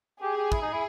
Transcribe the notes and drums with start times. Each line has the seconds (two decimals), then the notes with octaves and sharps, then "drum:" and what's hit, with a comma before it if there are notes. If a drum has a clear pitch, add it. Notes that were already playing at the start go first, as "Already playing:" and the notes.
0.22 G4 G#4
0.37 G4
0.52 E4, drum: kick
0.62 D#4
0.73 E4